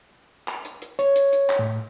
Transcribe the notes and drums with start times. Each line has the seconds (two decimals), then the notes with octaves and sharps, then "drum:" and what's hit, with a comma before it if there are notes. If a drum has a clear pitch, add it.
0.48 drum: clap
0.65 drum: hi-hat
0.82 drum: hi-hat
0.99 C#5, drum: hi-hat
1.16 drum: hi-hat
1.33 drum: hi-hat
1.50 drum: clap
1.59 A2